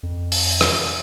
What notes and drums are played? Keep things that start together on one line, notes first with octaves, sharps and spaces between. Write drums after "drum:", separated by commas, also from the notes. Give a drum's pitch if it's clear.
F2
drum: open hi-hat
drum: rim click